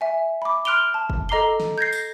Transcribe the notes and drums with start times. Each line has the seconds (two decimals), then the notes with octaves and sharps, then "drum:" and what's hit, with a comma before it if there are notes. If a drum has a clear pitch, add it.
0.01 E5 G#5
0.42 B5 D6
0.65 C6 F6 F#6 D7 F7 G7
0.94 A5
1.10 drum: kick
1.29 A4 D#5 A#5 D6 C7 G7
1.60 drum: snare
1.78 G6 G#6 A#6 C7
1.93 drum: tambourine